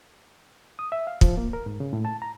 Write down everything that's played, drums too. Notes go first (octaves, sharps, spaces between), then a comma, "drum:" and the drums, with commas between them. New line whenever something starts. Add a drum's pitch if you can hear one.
D#6
E5
F5
F3, drum: kick
A#3
A#4
G#2
C#3
A2
A5
A#5